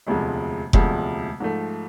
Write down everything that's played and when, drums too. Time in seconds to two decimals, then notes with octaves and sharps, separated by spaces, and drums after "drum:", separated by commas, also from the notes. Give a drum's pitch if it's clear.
0.07 E1 D2 C3 F3 G#3
0.73 E1 D2 C3 F3 G#3, drum: kick F1
1.40 G#2 F3 A3